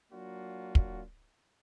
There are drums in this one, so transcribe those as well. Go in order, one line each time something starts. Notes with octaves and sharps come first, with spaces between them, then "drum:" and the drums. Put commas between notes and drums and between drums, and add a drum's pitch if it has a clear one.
F#3 A#3 D4 F4 F#4
drum: kick